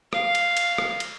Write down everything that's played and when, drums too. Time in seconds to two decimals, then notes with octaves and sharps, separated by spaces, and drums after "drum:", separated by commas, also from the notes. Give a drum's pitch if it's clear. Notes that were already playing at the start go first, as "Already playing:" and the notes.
0.13 F5, drum: rim click
0.35 drum: cymbal
0.57 drum: cymbal
0.78 drum: rim click
1.00 drum: cymbal